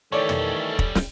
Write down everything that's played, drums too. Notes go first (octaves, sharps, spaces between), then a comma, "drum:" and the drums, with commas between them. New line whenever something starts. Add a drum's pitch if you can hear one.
D#3 E3 G3 A3 C#4 A4 C#5 D5
drum: tom
drum: kick
drum: snare